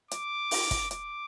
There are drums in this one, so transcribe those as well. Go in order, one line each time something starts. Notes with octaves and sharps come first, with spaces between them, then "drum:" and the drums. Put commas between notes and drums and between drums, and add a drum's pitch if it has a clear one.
D6, drum: hi-hat
drum: open hi-hat
drum: kick, hi-hat
D6, drum: hi-hat